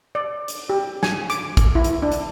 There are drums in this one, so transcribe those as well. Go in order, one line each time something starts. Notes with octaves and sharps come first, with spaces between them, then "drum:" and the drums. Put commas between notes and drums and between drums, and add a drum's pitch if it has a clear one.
D5
drum: hi-hat
G4
G#5, drum: snare
D6, drum: hi-hat
drum: kick, hi-hat
E4
drum: hi-hat
D4
drum: hi-hat